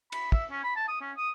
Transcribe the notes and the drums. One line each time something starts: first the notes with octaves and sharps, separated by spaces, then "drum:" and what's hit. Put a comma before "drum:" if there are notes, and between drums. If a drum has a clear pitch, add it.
B5, drum: cymbal
E5, drum: kick
C#4
B5
A5
D#6
C#4
D#6